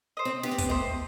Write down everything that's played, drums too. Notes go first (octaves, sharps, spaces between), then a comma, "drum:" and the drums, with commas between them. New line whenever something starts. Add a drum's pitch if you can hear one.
C5 D#5
C4
B3 G4, drum: snare
C4
B3, drum: kick, hi-hat
A3 C5 D#5